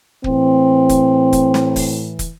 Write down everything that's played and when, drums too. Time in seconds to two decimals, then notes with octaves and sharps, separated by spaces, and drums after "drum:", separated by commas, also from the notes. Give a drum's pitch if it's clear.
0.24 A2 E3 C4, drum: kick
0.89 drum: kick, hi-hat
1.33 drum: kick, hi-hat
1.54 drum: snare
1.76 drum: kick, open hi-hat
2.19 drum: kick, hi-hat